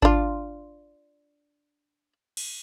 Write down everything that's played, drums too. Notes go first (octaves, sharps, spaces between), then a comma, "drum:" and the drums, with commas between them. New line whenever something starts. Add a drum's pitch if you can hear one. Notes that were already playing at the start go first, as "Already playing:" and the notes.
D4 F4, drum: kick G#1
drum: cymbal